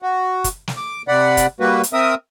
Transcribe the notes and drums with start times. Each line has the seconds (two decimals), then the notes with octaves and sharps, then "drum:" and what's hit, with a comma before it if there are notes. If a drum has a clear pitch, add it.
0.02 F#4
0.44 drum: kick, hi-hat
0.68 drum: snare
0.77 D6
1.08 C3 D5 F#5 B5
1.37 drum: kick, hi-hat
1.60 G3 A#3 F#4 B4
1.83 drum: hi-hat
1.93 C4 A#4 E5 D#6